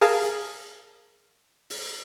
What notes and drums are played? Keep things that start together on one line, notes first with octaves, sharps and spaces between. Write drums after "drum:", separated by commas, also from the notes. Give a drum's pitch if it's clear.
G#4 A#4 F5 A5, drum: open hi-hat
drum: hi-hat
drum: open hi-hat